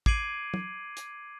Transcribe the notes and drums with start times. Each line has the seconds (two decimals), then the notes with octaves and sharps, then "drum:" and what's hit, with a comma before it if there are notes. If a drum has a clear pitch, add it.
0.06 D6 G#6 C7 D7 D#7 F#7, drum: kick
0.54 drum: tom
0.97 drum: hi-hat